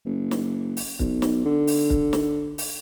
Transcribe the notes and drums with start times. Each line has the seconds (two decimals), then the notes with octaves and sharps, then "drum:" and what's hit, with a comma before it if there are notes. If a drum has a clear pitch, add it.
0.05 F#1
0.31 drum: snare
0.77 drum: open hi-hat
0.99 B1, drum: kick
1.22 drum: snare
1.45 D3
1.67 drum: open hi-hat
1.90 drum: kick
2.13 drum: snare
2.58 drum: open hi-hat